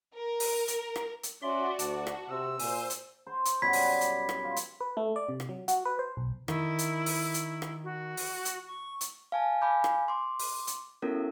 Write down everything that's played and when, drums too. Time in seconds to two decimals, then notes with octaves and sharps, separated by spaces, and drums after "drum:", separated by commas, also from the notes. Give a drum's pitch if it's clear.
0.15 A#4
0.40 drum: open hi-hat
0.68 drum: hi-hat
0.96 drum: rim click
1.23 drum: hi-hat
1.42 C#4 F#4 D5 E5 C6
1.79 D2 A5, drum: hi-hat
2.07 drum: rim click
2.29 C3 E6
2.59 A#2 C5 G#5, drum: open hi-hat
2.90 drum: hi-hat
3.27 C5
3.45 drum: hi-hat
3.62 F#2 B2 G3 B5 G#6 B6
3.73 drum: open hi-hat
3.91 D5
4.01 drum: hi-hat
4.29 drum: rim click
4.44 F4
4.56 drum: hi-hat
4.81 B4
4.97 A3
5.16 D5
5.29 C3
5.40 drum: rim click
5.49 F#3
5.68 F#4, drum: hi-hat
5.85 B4
5.99 C5
6.17 B1
6.48 D#3 E4, drum: rim click
6.79 drum: hi-hat
7.06 drum: open hi-hat
7.34 drum: hi-hat
7.62 drum: rim click
7.84 F#4
8.17 drum: open hi-hat
8.45 drum: hi-hat
8.67 C#6
9.01 drum: hi-hat
9.32 F5 G#5 A5
9.62 F5 G#5 B5 D6 G6
9.84 drum: rim click
10.08 C6 D6
10.39 drum: open hi-hat
10.67 drum: hi-hat
11.02 B3 C#4 E4 F#4 A4 A#4